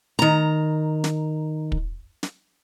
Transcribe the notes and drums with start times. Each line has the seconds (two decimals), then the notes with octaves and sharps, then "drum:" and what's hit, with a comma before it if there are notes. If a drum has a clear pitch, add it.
0.19 D#3 A#5
1.04 drum: snare
1.72 drum: kick
2.23 drum: snare